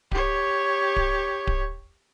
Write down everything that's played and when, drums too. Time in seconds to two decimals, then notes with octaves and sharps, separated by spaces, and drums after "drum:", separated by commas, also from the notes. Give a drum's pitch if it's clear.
0.12 G4 C#5, drum: kick D1
0.96 drum: kick D1
1.47 drum: kick D1